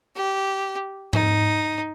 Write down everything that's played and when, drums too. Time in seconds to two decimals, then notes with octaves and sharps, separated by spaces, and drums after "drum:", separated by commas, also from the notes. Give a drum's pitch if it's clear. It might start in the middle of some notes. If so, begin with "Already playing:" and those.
0.16 G4
1.13 D#4, drum: tom G#2